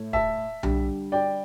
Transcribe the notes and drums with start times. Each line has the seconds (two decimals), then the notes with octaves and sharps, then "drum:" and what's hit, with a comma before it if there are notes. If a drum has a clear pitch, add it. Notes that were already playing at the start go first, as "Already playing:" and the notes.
Already playing: A2 A3
0.13 E5 A5, drum: kick
0.63 D3 G3, drum: tom B1
1.12 D5 G5